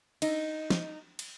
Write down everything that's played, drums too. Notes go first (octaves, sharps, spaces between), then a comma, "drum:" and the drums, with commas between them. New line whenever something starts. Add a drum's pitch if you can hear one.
D#4, drum: cymbal
drum: snare
drum: cymbal